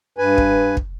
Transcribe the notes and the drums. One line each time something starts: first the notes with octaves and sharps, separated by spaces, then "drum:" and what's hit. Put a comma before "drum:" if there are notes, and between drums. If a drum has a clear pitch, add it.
G2 B4 G#5
drum: kick
drum: kick